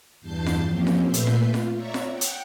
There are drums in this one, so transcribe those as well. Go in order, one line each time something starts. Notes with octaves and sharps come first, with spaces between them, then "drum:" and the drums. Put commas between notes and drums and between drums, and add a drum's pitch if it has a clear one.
E2 G2 A5 G6 A6 C7
drum: snare F4
F3 A#3 C4 C#4 G4
drum: snare F4
A#2 A3 B4 E5 G6 C7
drum: hi-hat
drum: snare F4
F4
drum: snare F4
C#5 D5 E5 A#5 C#6
drum: snare F4
F#5 G5
drum: hi-hat